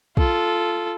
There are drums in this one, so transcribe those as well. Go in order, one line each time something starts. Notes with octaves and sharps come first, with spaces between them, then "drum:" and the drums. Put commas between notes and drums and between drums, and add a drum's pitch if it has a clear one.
F4 A4, drum: kick